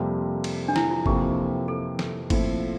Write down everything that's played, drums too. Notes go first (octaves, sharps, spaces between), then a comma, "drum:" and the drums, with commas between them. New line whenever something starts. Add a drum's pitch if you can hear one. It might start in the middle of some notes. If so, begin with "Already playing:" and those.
Already playing: F2 C3 G3 A#3
drum: cymbal
D4
E4, drum: snare
F4
F2 C3 E3 A#3 G4, drum: kick G1
A4
drum: snare
A#2 F3 A3 C4 E4, drum: kick G1, cymbal